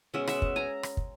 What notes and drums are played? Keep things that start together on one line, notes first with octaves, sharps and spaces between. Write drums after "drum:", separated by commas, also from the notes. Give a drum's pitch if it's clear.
B2 G#3 C#4 E5 F#5
E5 F#5, drum: rim click
drum: kick
G#5 A#5
drum: rim click
drum: kick